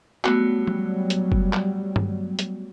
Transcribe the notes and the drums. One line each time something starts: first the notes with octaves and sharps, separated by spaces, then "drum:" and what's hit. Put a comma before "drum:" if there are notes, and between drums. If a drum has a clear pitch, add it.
F#3 G3 A3 B3 F#4, drum: clap
drum: tom F3
drum: hi-hat
drum: kick F#1
drum: clap
drum: tom G2
drum: hi-hat